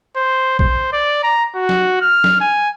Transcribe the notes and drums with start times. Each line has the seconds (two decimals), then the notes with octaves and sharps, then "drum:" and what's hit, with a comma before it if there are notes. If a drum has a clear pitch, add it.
0.17 C5
0.59 C5, drum: kick A#1
0.93 D5
1.24 A#5
1.55 F#4
1.69 drum: snare
2.02 F6
2.24 drum: snare
2.41 G#5